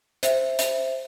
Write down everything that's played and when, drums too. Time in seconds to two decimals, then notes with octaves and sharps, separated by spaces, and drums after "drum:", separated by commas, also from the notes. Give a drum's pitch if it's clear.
0.23 C5 E5, drum: hi-hat
0.59 drum: hi-hat